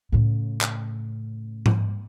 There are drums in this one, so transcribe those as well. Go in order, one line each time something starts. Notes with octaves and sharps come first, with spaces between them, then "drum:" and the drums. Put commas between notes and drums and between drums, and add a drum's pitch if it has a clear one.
A2 C#3
drum: clap
drum: tom G#2